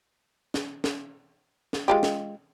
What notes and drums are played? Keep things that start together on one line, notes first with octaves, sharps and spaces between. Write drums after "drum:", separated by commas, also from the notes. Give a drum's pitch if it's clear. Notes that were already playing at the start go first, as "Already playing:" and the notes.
drum: snare
drum: snare
drum: snare
G#3 F4 G4
drum: snare